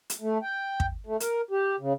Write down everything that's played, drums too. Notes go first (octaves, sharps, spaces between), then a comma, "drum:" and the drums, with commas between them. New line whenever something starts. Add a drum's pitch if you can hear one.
drum: hi-hat
A3
G5
drum: kick
A3
A#4, drum: hi-hat
G4
C#3